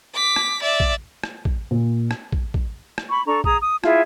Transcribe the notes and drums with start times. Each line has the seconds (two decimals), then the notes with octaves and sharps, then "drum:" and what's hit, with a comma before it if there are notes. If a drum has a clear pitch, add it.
0.15 D6 B6
0.36 drum: rim click
0.63 D5 E5
0.80 drum: kick
1.24 drum: rim click
1.45 drum: kick
1.71 A#2
2.11 drum: rim click
2.32 drum: kick
2.54 drum: kick
2.98 drum: rim click
3.10 B5 C#6
3.26 D4 A4 A#5 C#6
3.44 G#4 A#5 D#6, drum: kick
3.62 D#6
3.84 E4 F4 G#4 E5, drum: rim click